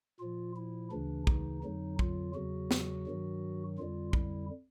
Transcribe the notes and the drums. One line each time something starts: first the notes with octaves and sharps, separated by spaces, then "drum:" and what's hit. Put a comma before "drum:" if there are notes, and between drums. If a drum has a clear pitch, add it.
A#2 F3 F4
E4
D2 C#3 E3 D4
D#4, drum: kick
F2 D3 F#3 D#4
F4, drum: kick
E2 C#3 F#3 F#4
drum: snare
G2 D#3 F#3
F2 D3 G3 F4
E4, drum: kick